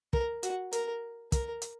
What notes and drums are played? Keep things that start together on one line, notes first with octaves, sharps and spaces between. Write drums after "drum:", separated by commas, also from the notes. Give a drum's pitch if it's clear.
A#4, drum: kick
F#4, drum: hi-hat
A#4, drum: hi-hat
A#4, drum: kick, hi-hat
drum: hi-hat